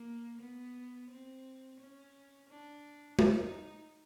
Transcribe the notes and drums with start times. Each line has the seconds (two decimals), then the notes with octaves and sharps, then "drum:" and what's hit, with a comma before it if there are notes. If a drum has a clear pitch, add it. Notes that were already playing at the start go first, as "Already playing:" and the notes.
Already playing: A#3
0.41 B3
1.11 C4
1.81 C#4
2.50 D4
3.19 D#4, drum: tom G#3